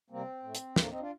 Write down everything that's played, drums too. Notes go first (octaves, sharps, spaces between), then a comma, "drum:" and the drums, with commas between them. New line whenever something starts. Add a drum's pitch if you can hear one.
C3 G3 A#3 C4
A2 A3
drum: hi-hat
A2 F3 A3 A#3 D4, drum: snare
C4 D#4
D4 F4